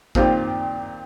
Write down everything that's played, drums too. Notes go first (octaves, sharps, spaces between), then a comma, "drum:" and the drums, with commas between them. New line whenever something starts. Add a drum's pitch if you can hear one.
A#2 D#3 C4 F4 G4, drum: kick A1